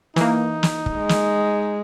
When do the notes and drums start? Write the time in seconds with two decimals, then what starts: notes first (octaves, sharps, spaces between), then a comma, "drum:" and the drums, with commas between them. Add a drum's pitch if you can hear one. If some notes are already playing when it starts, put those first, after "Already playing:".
0.16 E3 A#3 D#4, drum: snare
0.63 drum: snare
0.86 drum: kick
0.97 G#3
1.09 drum: snare